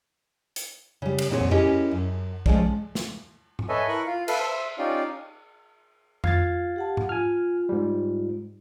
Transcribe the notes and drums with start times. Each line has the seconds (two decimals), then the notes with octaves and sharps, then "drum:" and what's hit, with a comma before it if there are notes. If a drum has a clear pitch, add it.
0.56 drum: hi-hat
1.02 C#3 G3
1.18 drum: cymbal
1.30 A#2 D3 C4 G#4 A#4 C#5
1.41 drum: tom F2
1.51 C#4 E4 G4 G#4 A#4 D#5
1.91 F#2
2.46 F3 G#3 C#4 G#4 A4 D5, drum: kick B1
2.95 drum: snare
3.59 drum: tom G#2
3.69 A4 B4 C#5 D#5 E5 G#5
3.88 E4 A#4 B5 C#6 F#6
4.07 F4 F5
4.28 A4 B4 E5 F5, drum: cymbal
4.40 C5 E5
4.79 C#4 D#4 F4 G4 D5 F5
6.24 F4 F5 G#6 A6, drum: tom F2
6.76 G4 F#5 A5
6.97 drum: tom G#2
7.09 F4 G#5 F6
7.69 G#2 G3